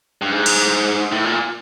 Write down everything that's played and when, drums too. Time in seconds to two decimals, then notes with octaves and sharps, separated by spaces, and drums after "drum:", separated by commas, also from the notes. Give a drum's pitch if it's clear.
0.22 G2
0.31 G#2
0.46 drum: cymbal
1.12 A2
1.25 A#2